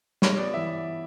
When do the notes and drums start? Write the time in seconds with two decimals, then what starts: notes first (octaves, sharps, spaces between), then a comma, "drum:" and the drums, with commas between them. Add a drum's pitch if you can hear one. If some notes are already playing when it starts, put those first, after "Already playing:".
0.22 G3 C#5, drum: snare
0.37 B3 D5
0.53 E3 E5